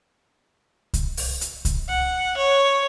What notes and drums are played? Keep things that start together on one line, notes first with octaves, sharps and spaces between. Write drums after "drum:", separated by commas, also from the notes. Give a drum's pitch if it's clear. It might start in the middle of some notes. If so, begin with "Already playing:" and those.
drum: kick C2, hi-hat
drum: open hi-hat
drum: hi-hat
drum: kick C2, hi-hat
F#5
C#5